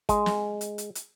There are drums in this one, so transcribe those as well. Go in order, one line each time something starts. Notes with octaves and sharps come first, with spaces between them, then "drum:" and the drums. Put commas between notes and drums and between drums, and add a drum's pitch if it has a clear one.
G#3, drum: kick, hi-hat
drum: snare
drum: hi-hat
drum: hi-hat
drum: hi-hat